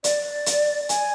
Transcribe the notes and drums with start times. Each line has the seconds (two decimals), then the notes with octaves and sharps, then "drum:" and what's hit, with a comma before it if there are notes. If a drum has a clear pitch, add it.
0.04 D5, drum: hi-hat
0.46 drum: hi-hat
0.89 G#5, drum: hi-hat